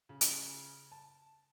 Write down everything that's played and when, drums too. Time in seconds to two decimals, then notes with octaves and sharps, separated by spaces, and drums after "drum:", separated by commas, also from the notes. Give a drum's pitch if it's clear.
0.09 C#3
0.21 drum: hi-hat
0.92 A5